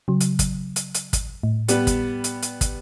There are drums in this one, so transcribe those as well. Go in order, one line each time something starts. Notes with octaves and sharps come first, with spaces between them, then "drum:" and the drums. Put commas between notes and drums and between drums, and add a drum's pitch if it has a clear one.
C#3 F#3
drum: hi-hat
drum: kick, hi-hat
drum: hi-hat
drum: hi-hat
drum: kick, hi-hat
A2
G3 B3 B4, drum: hi-hat
drum: kick, hi-hat
drum: hi-hat
drum: hi-hat
drum: kick, hi-hat